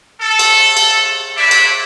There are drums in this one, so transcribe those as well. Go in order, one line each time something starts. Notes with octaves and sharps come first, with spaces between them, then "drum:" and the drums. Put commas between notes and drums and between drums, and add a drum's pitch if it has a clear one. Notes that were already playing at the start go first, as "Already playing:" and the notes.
A4
drum: cymbal
drum: cymbal
D4 E4 B4 C#5 D5 E5
drum: cymbal